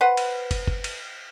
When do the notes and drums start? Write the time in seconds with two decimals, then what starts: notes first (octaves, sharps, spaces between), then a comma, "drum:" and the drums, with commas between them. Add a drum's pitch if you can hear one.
0.01 B4 C5 F#5
0.17 drum: cymbal
0.51 drum: kick, cymbal
0.68 drum: kick
0.84 drum: cymbal